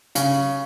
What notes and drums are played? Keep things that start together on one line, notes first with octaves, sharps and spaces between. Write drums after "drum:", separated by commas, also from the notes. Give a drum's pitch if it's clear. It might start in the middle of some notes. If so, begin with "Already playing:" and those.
C#3, drum: hi-hat